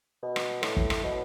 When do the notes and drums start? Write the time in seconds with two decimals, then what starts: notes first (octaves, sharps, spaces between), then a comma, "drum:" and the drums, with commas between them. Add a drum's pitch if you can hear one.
0.23 B2
0.36 drum: rim click
0.63 A2, drum: rim click
0.77 drum: kick
0.90 drum: rim click
1.03 B2